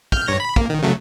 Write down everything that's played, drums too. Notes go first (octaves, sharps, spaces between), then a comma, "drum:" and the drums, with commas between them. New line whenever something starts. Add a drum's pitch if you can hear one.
F6 G6, drum: kick
G2 C#5 A#6
B5
A#3, drum: kick
D#3
C#3 F#3 A3